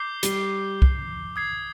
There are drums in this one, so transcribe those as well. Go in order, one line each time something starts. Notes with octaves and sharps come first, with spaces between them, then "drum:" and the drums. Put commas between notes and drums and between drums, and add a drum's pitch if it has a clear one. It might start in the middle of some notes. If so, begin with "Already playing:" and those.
Already playing: D6 G6 C7 G7
G3, drum: hi-hat
drum: kick
D#6 G#6 C7